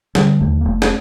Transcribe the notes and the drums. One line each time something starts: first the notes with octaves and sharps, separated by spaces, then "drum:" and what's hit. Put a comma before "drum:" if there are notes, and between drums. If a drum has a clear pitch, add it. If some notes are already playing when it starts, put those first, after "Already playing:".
D3 G3, drum: snare
D#2 A3
A#3
F1 A3
drum: snare